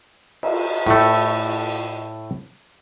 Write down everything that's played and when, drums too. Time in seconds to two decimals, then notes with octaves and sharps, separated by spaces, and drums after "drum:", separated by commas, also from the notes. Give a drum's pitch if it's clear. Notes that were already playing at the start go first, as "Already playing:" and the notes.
0.43 drum: cymbal
0.87 A2 A3